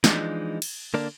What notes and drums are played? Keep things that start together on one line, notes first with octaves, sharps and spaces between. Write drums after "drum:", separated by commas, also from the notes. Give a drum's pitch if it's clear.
E3 F3 G#3 D4 D#4, drum: snare
drum: cymbal
D3 A#3 D4